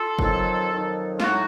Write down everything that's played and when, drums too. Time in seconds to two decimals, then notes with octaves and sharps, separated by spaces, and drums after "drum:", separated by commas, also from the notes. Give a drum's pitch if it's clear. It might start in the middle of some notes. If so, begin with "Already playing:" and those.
Already playing: F4 A4
0.19 F2 D#3 F#3, drum: kick F#1
0.70 F2 D#3 F#3
1.20 F4, drum: snare
1.23 A2 F#3 D#4 F#4